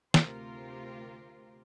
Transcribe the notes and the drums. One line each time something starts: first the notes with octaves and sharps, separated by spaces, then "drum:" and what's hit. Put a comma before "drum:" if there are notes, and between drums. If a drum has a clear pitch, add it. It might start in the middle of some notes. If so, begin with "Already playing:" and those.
D2 C3 F4 G4 A#4 C5, drum: snare